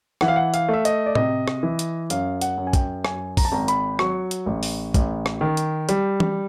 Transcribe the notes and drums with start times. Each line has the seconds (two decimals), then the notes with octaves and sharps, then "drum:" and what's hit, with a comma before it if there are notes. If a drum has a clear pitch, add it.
0.21 E3 F#5, drum: rim click
0.28 F5
0.36 F#5
0.54 F5, drum: hi-hat
0.69 A3 E5
0.85 D#5, drum: hi-hat
1.06 D5
1.15 C3 D#5, drum: tom A2
1.48 drum: rim click
1.63 E3
1.79 drum: hi-hat
2.10 F#2 F5, drum: hi-hat
2.41 F#5, drum: hi-hat
2.57 F#2
2.67 G#5
2.73 G5, drum: kick, hi-hat
3.05 F#2 G#5, drum: rim click
3.37 A#5, drum: kick, open hi-hat
3.45 A5
3.52 G#1 A#5
3.68 B5, drum: hi-hat
3.99 F#3 C#6, drum: rim click
4.31 drum: hi-hat
4.46 A1
4.63 drum: open hi-hat
4.94 A1, drum: kick, hi-hat
5.26 drum: rim click
5.41 D#3
5.57 drum: hi-hat
5.89 G3, drum: hi-hat
6.20 drum: tom E3